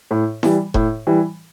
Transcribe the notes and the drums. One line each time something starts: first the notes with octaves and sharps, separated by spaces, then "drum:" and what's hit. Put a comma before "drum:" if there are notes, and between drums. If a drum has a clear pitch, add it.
A2
E3 G3, drum: snare E4
A2, drum: kick E1
E3 G3